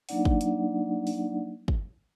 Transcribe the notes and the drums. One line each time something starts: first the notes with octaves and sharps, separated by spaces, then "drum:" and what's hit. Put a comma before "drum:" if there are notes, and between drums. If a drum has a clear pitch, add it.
F#3 A#3 D4 D#4 D5 F#5, drum: open hi-hat
drum: kick
drum: hi-hat
drum: open hi-hat
drum: kick